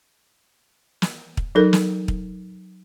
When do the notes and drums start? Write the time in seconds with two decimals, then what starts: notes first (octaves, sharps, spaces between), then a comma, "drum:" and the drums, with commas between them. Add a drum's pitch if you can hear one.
1.02 drum: snare
1.37 drum: kick
1.55 F#3 D#4 A4 A#4
1.73 drum: snare
2.08 drum: kick